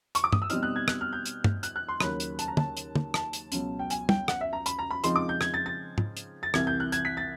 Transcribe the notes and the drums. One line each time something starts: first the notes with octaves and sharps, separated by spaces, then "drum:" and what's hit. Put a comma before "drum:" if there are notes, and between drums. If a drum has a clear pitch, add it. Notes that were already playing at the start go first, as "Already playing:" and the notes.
C#6, drum: hi-hat
D6
D#6, drum: tom G2
E6
B2 G3 C4 D#4 F6, drum: hi-hat
F#6
G#6
F#6, drum: rim click
F6
G6
drum: hi-hat
drum: tom G2
F#6, drum: hi-hat
F#6
C6
D#2 C#3 F#3 B5, drum: rim click
drum: hi-hat
A5, drum: hi-hat
A#5
A5, drum: tom
drum: hi-hat
drum: tom
A5, drum: rim click
drum: hi-hat
C#2 B2 F#3, drum: hi-hat
G5
G#5, drum: hi-hat
G5, drum: tom
F#5, drum: rim click
E5
A#5
B5, drum: hi-hat
A#5
B5
C#3 F3 G#3 C4 D#4 C6, drum: hi-hat
D6
G6
G#6, drum: rim click
A6
A6
drum: tom
drum: hi-hat
A6
C2 C3 E3 G#6, drum: rim click
G6
F#6
G#6, drum: hi-hat
B6
A6